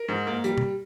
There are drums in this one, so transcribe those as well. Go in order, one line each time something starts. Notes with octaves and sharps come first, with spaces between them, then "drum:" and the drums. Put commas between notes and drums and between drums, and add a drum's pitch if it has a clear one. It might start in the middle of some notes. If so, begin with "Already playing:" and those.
Already playing: A#4
G#2
A#3
G3, drum: hi-hat
drum: tom